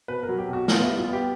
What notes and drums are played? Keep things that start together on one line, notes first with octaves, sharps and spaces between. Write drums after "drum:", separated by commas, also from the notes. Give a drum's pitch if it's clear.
B2 B4
A#4
F#3
G4
B1
F#4
B3 F4, drum: snare
E4
G3
F4
B3
G4